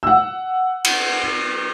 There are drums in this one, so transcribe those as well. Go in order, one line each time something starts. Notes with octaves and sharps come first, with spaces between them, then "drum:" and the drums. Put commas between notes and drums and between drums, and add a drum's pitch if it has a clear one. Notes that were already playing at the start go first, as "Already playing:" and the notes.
F#5 E6
drum: cymbal